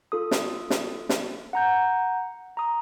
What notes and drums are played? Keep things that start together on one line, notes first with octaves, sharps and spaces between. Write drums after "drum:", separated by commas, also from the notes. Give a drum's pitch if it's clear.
F4 A4 D#6
drum: snare
drum: snare
drum: snare
F#5 A#5 G6
A#5 D#6